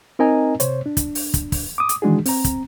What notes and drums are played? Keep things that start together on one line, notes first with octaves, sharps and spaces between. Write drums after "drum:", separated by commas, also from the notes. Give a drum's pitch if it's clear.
C4 D#4 A#4 D#5 G#5 A#5
C3 C5 C#5, drum: hi-hat
D4
drum: kick, hi-hat
drum: open hi-hat
drum: kick, hi-hat
drum: kick, open hi-hat
D6 D#6
drum: hi-hat
D#3 E3 G#3 D4 F#4 G#4
C4 A#5, drum: open hi-hat
drum: kick, hi-hat